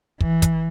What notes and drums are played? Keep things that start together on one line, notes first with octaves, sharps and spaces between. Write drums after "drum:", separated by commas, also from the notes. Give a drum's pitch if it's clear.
E3, drum: kick
drum: kick, hi-hat